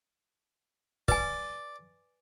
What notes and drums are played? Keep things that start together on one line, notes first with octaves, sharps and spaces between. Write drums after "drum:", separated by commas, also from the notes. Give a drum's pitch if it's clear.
B4 D5 G#5, drum: kick